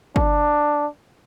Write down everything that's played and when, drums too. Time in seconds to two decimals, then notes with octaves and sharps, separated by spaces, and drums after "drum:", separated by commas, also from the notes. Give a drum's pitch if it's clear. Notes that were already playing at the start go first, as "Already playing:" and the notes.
0.16 D4, drum: kick G1